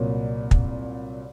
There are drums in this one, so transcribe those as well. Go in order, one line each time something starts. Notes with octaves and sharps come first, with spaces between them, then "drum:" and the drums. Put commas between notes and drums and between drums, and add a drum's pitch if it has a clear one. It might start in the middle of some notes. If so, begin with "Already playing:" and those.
Already playing: C2 A#2 F#3
drum: kick